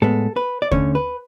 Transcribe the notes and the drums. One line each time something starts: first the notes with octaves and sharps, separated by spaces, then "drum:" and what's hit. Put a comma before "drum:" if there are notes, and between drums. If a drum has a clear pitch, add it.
A2 G#3 B3 A4
B4
D5
D3 A3 C#4 C#5, drum: kick
B4